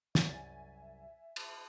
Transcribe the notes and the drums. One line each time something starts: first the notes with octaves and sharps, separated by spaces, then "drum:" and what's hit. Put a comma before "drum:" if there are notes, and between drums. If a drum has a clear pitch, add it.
C2 F#2 E5 G#5 A6, drum: snare
drum: cymbal